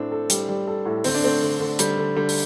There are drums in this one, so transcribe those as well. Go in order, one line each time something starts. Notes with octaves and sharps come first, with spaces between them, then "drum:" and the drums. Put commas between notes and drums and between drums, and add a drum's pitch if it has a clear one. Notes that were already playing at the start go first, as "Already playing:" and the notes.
Already playing: A2 C4 D4 A4
A4
G3, drum: hi-hat
G3
A4
A2
D3 C4, drum: open hi-hat
D4
A3 C4
D3
D3
D3 G3, drum: hi-hat
D3
D3 G3
drum: open hi-hat